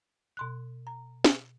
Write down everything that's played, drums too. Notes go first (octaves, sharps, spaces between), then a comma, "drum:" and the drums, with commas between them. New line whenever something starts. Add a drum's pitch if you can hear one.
B2 C6 F#6
A#5
drum: snare